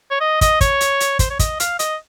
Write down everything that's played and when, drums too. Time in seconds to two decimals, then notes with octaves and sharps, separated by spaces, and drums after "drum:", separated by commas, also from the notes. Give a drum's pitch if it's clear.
0.11 C#5
0.20 D#5
0.41 D#5, drum: kick, hi-hat
0.61 C#5, drum: kick, hi-hat
0.81 drum: hi-hat
1.00 drum: hi-hat
1.19 C5, drum: kick, hi-hat
1.30 C#5
1.39 D#5, drum: kick, hi-hat
1.60 F5, drum: hi-hat
1.79 D#5, drum: hi-hat